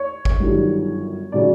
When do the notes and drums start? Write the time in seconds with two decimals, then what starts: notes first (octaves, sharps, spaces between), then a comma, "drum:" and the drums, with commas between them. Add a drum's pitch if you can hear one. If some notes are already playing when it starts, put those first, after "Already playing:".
Already playing: C#5
0.25 drum: kick
0.40 G1 F#2 D#3 G3
1.32 C#3 F#3 D5